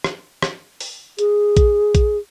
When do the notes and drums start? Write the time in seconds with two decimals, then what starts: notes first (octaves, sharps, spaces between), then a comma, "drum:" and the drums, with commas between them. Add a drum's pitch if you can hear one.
0.04 drum: rim click
0.42 drum: rim click
0.80 drum: open hi-hat
1.19 G#4, drum: hi-hat
1.57 drum: kick A#1, hi-hat
1.95 drum: kick A#1, hi-hat